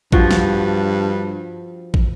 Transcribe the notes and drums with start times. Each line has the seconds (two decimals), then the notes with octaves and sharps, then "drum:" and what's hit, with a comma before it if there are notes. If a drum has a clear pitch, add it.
0.12 G2 F3 F#4, drum: kick
0.31 drum: snare
1.94 drum: kick